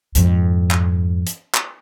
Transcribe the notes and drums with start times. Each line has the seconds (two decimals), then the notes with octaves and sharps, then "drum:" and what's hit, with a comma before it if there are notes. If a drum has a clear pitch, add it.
0.15 F2 G#2, drum: hi-hat
0.71 drum: clap
1.27 drum: hi-hat
1.54 drum: clap